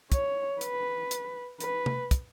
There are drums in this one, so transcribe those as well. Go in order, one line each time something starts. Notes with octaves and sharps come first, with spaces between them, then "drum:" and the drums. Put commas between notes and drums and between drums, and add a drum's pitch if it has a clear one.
C#5, drum: kick, hi-hat
B4, drum: hi-hat
drum: hi-hat
B4, drum: hi-hat
drum: tom C3
drum: kick, hi-hat